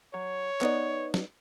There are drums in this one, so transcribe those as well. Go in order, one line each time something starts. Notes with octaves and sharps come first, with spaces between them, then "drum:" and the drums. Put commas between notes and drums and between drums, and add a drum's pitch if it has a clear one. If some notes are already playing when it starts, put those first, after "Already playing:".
F#3 C#5
B3 D#4 D5, drum: clap
drum: snare